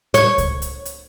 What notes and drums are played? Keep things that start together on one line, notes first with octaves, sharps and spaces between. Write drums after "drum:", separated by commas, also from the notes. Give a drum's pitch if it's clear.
C#5, drum: hi-hat
drum: kick C#2, hi-hat
drum: hi-hat
drum: hi-hat